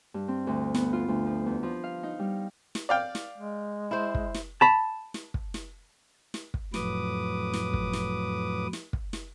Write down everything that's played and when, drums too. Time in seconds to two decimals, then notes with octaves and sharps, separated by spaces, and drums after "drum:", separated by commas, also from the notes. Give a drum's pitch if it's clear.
0.14 G2
0.28 C4
0.47 D2
0.74 B3, drum: snare
0.93 F4
1.08 D2
1.26 F3
1.46 E2
1.63 F3
1.84 F5
2.03 D#4
2.19 G3
2.75 drum: snare
2.89 D5 F5 G5
3.15 drum: snare
3.38 G#3
3.91 E4 C5
4.15 drum: kick
4.34 drum: snare
4.61 A5 B5
5.14 drum: snare
5.34 drum: kick
5.54 drum: snare
6.34 drum: snare
6.54 drum: kick
6.74 F2 A2 F#3 B4 D6 D#6, drum: snare
7.54 drum: snare
7.73 drum: kick
7.93 drum: snare
8.73 drum: snare
8.93 drum: kick
9.13 drum: snare